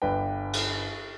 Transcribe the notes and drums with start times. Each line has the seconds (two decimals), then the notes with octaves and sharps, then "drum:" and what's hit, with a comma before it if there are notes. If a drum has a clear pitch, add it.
0.02 G1 D4 B4 G5
0.53 drum: cymbal